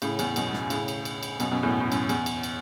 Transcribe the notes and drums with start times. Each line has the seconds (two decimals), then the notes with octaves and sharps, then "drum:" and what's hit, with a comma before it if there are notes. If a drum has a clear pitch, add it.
0.02 A2 C#3, drum: cymbal
0.19 E2 A2, drum: cymbal
0.36 F#2 B2, drum: cymbal
0.54 drum: snare
0.70 A2 C#3, drum: cymbal
0.88 drum: cymbal
1.05 drum: cymbal
1.23 drum: cymbal
1.40 F#2 B2, drum: cymbal
1.51 F#2 B2
1.63 E2 A2
1.80 A2
1.92 F#2, drum: cymbal
2.09 E2, drum: cymbal
2.26 drum: cymbal
2.43 drum: cymbal